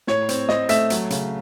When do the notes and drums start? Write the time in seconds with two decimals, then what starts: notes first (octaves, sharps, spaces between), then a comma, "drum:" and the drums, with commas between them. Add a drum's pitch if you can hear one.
0.07 A2 C#5, drum: snare
0.29 C4, drum: hi-hat
0.49 C4 D#5, drum: snare
0.69 A3 E5, drum: hi-hat
0.90 F#3, drum: hi-hat
1.10 C#3, drum: hi-hat